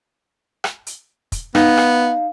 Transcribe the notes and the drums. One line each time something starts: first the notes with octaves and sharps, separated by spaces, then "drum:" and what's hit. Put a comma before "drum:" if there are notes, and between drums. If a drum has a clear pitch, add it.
drum: rim click
drum: hi-hat
drum: kick, hi-hat
B3 D#4 F5, drum: rim click
drum: rim click